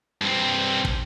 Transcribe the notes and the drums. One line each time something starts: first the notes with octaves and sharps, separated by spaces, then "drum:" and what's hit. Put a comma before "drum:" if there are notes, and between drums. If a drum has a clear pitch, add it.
G2 C4
drum: kick